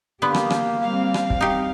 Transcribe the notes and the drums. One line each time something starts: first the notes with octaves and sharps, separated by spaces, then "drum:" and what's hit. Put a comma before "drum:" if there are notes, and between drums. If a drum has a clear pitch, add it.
D3 A#3 B3 G4
drum: rim click
drum: rim click
G3 C4 F5
drum: rim click
drum: kick
D#4 G4